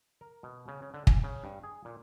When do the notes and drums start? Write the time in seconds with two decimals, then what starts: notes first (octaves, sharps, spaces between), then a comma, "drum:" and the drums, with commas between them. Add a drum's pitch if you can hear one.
0.21 A#4
0.43 B2
0.68 C#3
0.82 C#3
0.94 D3
1.07 G#5, drum: kick
1.24 C#3
1.44 G2
1.63 G#4
1.85 A#2